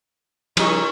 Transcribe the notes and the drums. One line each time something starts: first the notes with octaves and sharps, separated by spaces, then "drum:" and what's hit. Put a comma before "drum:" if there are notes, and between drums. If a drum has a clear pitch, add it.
C#3 F3 G3 D#4 C#5 C#6, drum: cymbal